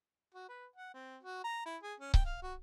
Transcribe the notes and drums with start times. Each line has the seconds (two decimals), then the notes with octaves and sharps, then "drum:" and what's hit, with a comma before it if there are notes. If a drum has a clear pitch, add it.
0.35 F#4
0.49 B4
0.76 F#5
0.94 C4
1.23 F#4
1.44 A#5
1.66 E4
1.83 G#4
2.00 C#4
2.14 G5, drum: kick C#1
2.26 F5
2.43 F#4